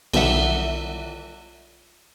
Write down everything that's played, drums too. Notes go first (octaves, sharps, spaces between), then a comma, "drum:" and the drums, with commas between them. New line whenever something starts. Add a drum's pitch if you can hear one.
B1 D3 D#3 G3 E5 F#5, drum: cymbal